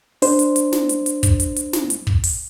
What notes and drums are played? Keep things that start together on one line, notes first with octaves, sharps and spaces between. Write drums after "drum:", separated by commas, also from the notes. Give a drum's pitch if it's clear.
D4 C5, drum: open hi-hat
drum: hi-hat
drum: hi-hat
drum: snare
drum: hi-hat
drum: hi-hat
drum: kick, hi-hat
drum: hi-hat
drum: hi-hat
drum: snare
drum: hi-hat
drum: kick
drum: open hi-hat